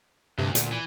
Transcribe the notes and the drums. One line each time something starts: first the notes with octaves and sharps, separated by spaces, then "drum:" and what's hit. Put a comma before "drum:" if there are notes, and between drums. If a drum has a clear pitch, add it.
D2 G2 C3
A#2, drum: hi-hat
E3